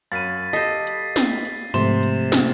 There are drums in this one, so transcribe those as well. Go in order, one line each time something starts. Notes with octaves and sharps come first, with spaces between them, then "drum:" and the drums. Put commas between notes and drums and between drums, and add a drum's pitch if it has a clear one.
F#2 F5 B5 A6 B6 D#7
G4 A4 D#5 B6 C7
drum: hi-hat
drum: snare
drum: hi-hat
G#2 C3 F3 A3 C6 E7
drum: hi-hat
drum: snare